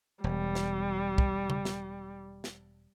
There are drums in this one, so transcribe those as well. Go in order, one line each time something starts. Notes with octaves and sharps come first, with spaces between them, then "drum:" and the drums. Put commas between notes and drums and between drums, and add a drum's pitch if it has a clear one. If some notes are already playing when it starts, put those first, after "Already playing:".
E1 G3
drum: snare
drum: kick
drum: tom C#3
drum: snare
drum: snare